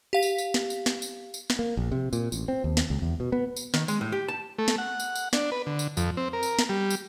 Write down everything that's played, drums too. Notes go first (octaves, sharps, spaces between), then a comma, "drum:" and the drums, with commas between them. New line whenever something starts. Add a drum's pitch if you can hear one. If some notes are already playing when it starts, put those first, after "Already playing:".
G4 F5 B6
drum: tambourine
drum: tambourine
drum: snare
drum: tambourine
drum: snare
drum: tambourine
drum: tambourine
drum: snare
A#3
A#1
C3
A#2, drum: tambourine
A1, drum: tambourine
C4
D#2
drum: snare
C#2
E2
B2
B3
drum: tambourine
D#3, drum: snare
G#3, drum: tambourine
A2
G4
A5
A3
drum: snare
F#5
drum: tambourine
drum: tambourine
D4, drum: snare
B4
D3
drum: tambourine
F2, drum: tambourine
C4
A#4
drum: tambourine
drum: snare
G3
drum: tambourine